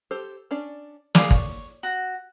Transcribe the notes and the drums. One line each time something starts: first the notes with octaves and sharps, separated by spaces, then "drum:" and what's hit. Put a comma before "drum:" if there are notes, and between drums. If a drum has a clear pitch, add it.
G4 A4 C5
C#4 D4 D5
G#4 D5 F5 D6, drum: snare
C#5, drum: kick
F#4